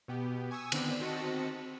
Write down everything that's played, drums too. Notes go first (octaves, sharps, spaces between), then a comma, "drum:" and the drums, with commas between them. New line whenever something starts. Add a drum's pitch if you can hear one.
B2 B3 G4
G#5 C#6 D#6 E6
D3 D#3 B3 C4 D5 G5, drum: cymbal
D#3 C4 F#4 D#5 A5 C#7